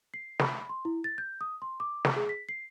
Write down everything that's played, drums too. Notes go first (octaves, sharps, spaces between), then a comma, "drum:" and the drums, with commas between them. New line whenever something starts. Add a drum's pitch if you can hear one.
C7
B5, drum: snare
C6
E4
A6
G6
D#6
C6
D6
drum: snare
G#4
B6
C7